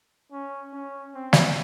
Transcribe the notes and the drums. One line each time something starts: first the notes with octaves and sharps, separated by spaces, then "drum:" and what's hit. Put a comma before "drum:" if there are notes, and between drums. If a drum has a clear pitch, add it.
C#4
C#4
C4
drum: snare